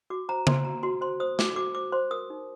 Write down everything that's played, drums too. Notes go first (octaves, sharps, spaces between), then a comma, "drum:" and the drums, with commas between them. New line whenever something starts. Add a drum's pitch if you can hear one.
F#4 D6
C5 A#5
C5 C6, drum: tom C#3
F#4 A#5
F#4 C6
C5 C6
C5 D#6
F#4 D6, drum: snare
F#4 D6
C5 D6
C5 C6
A#4 D#6
D#4